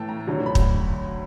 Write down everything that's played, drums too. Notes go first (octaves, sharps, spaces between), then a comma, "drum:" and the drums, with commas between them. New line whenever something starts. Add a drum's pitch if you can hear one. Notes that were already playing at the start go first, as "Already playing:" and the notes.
Already playing: A2 E3 A3 G5 A5
A#5
D2 D3 F#3
B5
drum: kick